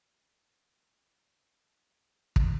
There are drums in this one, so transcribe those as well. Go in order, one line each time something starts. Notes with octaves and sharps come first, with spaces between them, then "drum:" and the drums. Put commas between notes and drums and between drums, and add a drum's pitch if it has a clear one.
G4 B4 C#5 E5
G5 C#6
G4 C5
F5
drum: kick